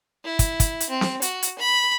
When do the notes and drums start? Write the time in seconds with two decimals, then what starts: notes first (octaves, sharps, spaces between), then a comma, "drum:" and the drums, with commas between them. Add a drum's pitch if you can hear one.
0.24 E4
0.39 drum: kick, hi-hat
0.60 drum: kick, hi-hat
0.80 drum: hi-hat
0.90 C4
1.01 drum: snare C4
1.22 F#4, drum: hi-hat
1.43 drum: hi-hat
1.59 B5